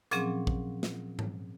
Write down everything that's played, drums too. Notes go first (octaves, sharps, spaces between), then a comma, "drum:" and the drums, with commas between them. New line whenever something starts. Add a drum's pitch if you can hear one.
A#2 F3 F#3 C4 C#4 G#4, drum: hi-hat
drum: kick
drum: snare
drum: tom G#2